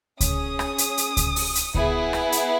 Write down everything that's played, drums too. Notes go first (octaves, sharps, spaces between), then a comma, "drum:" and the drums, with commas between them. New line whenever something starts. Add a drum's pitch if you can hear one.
C#4 G#4 D#6, drum: kick C#2, hi-hat
drum: rim click
drum: hi-hat
drum: hi-hat
drum: kick C#2, hi-hat
drum: open hi-hat
drum: hi-hat
B3 E4 G#4, drum: kick C#2
drum: rim click
drum: hi-hat